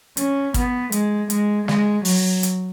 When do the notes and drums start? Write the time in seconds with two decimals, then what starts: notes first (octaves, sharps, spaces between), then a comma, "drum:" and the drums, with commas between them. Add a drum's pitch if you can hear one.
0.17 C#4, drum: hi-hat
0.54 B3, drum: kick, hi-hat
0.92 G#3, drum: hi-hat
1.30 G#3, drum: hi-hat
1.68 G#3, drum: snare
2.05 F#3, drum: open hi-hat
2.43 drum: hi-hat